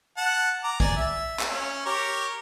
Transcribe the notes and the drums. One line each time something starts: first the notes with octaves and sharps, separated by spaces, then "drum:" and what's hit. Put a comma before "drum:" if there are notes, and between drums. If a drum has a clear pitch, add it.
F#5 A5
A#5 D6
D5 G#5, drum: kick
E5
drum: clap
C#4
G4 A#4 C#5